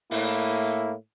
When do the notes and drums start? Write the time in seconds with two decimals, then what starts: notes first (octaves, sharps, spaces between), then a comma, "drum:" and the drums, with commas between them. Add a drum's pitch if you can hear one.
0.11 A2 A#3 E4, drum: open hi-hat